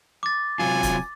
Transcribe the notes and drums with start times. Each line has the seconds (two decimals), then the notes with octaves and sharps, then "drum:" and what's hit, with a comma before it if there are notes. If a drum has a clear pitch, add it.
0.23 D6 A6
0.59 C3 F#3 F4 G#5
0.83 drum: kick, hi-hat